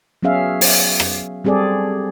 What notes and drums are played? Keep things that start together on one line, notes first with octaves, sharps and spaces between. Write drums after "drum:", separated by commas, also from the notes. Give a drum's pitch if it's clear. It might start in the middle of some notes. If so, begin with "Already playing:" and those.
F#3 B3 C#4 G#4 E5 F5
drum: open hi-hat
drum: rim click
G3 C4 G#4 A4 D5